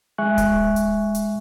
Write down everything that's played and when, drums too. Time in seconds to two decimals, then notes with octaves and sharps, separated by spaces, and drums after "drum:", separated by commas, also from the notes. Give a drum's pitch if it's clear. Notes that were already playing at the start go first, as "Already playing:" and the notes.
0.18 G#3 E5 G#5 C#6 F#6
0.38 drum: kick D1, hi-hat
0.76 drum: hi-hat
1.15 drum: hi-hat